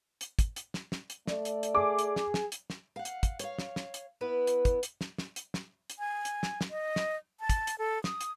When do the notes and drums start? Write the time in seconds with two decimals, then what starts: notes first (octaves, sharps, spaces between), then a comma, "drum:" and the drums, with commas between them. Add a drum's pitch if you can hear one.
0.21 drum: hi-hat
0.39 drum: kick, hi-hat
0.56 drum: hi-hat
0.74 drum: snare
0.92 drum: snare
1.10 drum: hi-hat
1.27 A3 D5, drum: snare
1.45 drum: hi-hat
1.63 drum: hi-hat
1.75 G#4 D6
1.99 drum: hi-hat
2.16 drum: snare
2.34 drum: snare
2.52 drum: hi-hat
2.70 drum: snare
2.96 F5 F#5
3.05 drum: hi-hat
3.23 drum: kick, hi-hat
3.39 C#5 F5, drum: hi-hat
3.59 drum: snare
3.76 drum: snare
3.94 drum: hi-hat
4.21 B3 E4 B4
4.47 drum: hi-hat
4.65 drum: kick, hi-hat
4.83 drum: hi-hat
5.01 drum: snare
5.18 drum: snare
5.36 drum: hi-hat
5.54 drum: snare
5.90 drum: hi-hat
5.99 G#5
6.25 drum: hi-hat
6.43 drum: snare
6.61 drum: snare
6.70 D#5
6.96 drum: snare
7.40 A5
7.50 drum: kick, hi-hat
7.67 drum: hi-hat
7.79 A4
8.04 D#6, drum: snare
8.21 drum: hi-hat